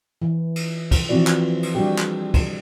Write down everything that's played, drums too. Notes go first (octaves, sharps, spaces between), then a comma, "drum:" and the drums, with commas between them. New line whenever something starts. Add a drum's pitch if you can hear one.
E3
drum: cymbal
drum: kick, cymbal
E3 F3 C4 E4 F#4 D5
drum: clap
drum: cymbal
G3 G#3 D4 F#4 G4
drum: clap
drum: kick, cymbal